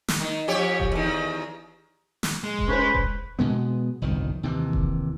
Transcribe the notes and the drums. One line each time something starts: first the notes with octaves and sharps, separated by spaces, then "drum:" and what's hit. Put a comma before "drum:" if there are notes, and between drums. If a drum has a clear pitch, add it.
drum: snare
D#3
F2 G4 C#5
drum: kick E1
E2 D#3
drum: snare
G#3
drum: kick E1
C#4 B4 C5
drum: kick E1
B2 G#3 B3
G1 C2 F2 D#3
D#2 C3 E3
drum: kick E1